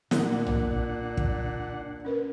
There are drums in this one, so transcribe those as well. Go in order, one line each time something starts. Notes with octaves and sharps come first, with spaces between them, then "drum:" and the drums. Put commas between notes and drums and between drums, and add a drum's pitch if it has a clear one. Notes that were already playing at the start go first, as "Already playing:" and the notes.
A#2 A#3 D4 F#5, drum: snare
drum: tom A#1
drum: kick
C#4 A#4 B4